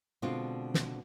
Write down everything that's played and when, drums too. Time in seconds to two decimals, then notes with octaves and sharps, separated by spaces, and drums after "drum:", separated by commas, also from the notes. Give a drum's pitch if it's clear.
0.22 B2 D3 G#3 C4 D4 F4
0.74 drum: snare